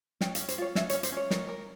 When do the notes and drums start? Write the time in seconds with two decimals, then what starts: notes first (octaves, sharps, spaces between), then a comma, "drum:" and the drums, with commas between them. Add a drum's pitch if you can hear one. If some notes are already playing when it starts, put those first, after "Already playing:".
0.21 C#4 G5, drum: snare
0.35 F5, drum: hi-hat
0.39 C#4
0.48 C5, drum: hi-hat
0.58 F4 C#5
0.75 C#4 E5, drum: snare
0.89 C#5, drum: hi-hat
0.94 C#4
1.03 C5, drum: hi-hat
1.12 C#4 C#5
1.30 A#4, drum: snare
1.49 A#4